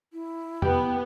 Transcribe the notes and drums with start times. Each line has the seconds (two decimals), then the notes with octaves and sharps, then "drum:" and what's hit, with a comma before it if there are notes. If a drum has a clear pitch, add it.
0.13 E4
0.62 B3 G4 G5, drum: tom